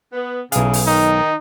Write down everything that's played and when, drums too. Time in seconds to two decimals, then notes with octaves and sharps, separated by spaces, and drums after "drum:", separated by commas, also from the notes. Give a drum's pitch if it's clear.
0.12 B3
0.52 B1 C#3 E3 G#4 F5, drum: hi-hat
0.73 drum: open hi-hat
0.86 D#3 D#4